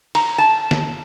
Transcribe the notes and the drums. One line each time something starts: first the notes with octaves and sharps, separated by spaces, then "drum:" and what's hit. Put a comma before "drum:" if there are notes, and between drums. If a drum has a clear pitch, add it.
A#5, drum: cymbal
A5
drum: snare